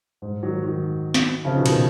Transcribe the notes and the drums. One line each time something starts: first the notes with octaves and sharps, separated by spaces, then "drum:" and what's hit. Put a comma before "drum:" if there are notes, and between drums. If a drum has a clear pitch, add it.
G#2
D#3 F#3
D#3 F#3
drum: snare
C#3 F3
B2 D#3
B2 D#3, drum: cymbal